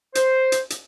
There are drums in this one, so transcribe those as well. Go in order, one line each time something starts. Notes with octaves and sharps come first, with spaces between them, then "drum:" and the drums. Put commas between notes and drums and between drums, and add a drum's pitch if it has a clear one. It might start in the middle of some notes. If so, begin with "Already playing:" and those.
C5, drum: hi-hat
drum: hi-hat
drum: hi-hat